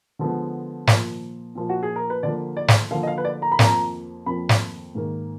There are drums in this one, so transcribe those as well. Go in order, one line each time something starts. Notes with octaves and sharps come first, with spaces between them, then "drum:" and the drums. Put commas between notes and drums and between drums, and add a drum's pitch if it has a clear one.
D3 F3 G#3 B3
A#2 F3 A#3, drum: snare
A#2 F3 A#3
F#4
G#4
A#4
B4
D3 F3 A#3 D5
D5
drum: snare
D3 F3 A#3 F5
D#5
F5
B4
D5
A#5
B5
F2 F3 A#3 A#5, drum: snare
F2 F3 A#3 B5
drum: snare
G#2 D#3 A#3